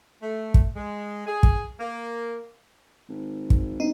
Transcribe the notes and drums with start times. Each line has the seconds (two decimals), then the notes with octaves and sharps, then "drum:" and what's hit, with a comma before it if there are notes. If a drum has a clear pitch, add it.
0.22 A3
0.54 drum: kick
0.76 G#3
1.27 G#4
1.43 drum: kick
1.80 A#3
3.09 G#1
3.50 drum: kick
3.80 E1 C4 D#4